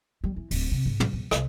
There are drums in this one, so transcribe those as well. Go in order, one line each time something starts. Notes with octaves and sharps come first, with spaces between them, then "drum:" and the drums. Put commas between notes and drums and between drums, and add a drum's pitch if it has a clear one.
G3
E3
D1, drum: open hi-hat
C3
G#2
A#2, drum: tom
E2
C2, drum: rim click